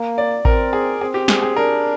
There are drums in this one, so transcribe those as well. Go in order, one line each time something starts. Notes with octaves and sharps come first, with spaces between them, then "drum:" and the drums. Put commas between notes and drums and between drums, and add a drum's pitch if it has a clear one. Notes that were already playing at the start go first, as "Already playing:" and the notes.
Already playing: A#3
D5
C4 A#4, drum: kick A1
G#4
C4 G#4
G4
G#4, drum: snare
G#4
D4 A#4